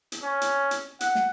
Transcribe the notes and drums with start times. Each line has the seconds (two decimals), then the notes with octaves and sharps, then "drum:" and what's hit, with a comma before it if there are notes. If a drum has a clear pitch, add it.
0.12 drum: hi-hat
0.23 C#4
0.41 drum: hi-hat
0.71 drum: hi-hat
1.01 F#5, drum: hi-hat
1.15 drum: snare